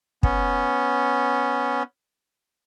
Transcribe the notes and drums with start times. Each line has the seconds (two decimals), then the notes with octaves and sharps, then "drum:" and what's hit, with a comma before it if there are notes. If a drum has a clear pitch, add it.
0.23 B3 C#4, drum: kick